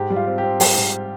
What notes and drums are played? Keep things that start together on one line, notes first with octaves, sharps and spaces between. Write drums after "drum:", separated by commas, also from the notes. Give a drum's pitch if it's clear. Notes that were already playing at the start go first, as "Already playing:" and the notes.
Already playing: G#2 G4
G3
F4
C4
G4
C4
G3, drum: open hi-hat
G#2